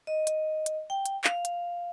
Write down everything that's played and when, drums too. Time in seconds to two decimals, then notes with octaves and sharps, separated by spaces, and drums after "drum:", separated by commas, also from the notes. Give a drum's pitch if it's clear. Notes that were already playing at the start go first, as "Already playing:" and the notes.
0.07 D#5
0.27 drum: hi-hat
0.66 drum: hi-hat
0.90 G5
1.06 drum: hi-hat
1.24 F5, drum: clap
1.45 drum: hi-hat